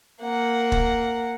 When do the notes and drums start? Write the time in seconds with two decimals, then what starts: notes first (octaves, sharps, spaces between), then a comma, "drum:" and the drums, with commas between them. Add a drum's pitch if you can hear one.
0.22 A#3 F#5
0.72 drum: kick